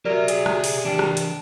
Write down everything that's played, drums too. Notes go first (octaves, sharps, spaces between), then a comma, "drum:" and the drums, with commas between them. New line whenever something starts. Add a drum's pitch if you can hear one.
F#3 G4 A#4 D5 E5
G#4, drum: hi-hat
drum: rim click
drum: open hi-hat
E3 G3 D4 A#4
drum: rim click
drum: hi-hat